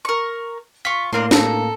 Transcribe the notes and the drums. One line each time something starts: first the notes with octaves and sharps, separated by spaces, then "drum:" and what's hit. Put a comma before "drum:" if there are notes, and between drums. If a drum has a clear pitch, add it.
A#4 C#6
F4 C#6 B6
A2 A#3 D4 A#4 C6
A4 A#5, drum: snare